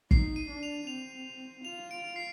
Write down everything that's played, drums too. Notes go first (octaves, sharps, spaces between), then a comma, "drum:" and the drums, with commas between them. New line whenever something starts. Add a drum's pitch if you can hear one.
D#4 C7, drum: kick
D#7
D4
F7
C4 F7
F4 F7
D7
C7